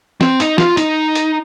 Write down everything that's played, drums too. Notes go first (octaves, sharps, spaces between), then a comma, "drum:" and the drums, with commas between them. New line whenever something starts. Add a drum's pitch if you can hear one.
C4, drum: snare
D#4, drum: hi-hat
F4, drum: snare
D#4, drum: hi-hat
drum: hi-hat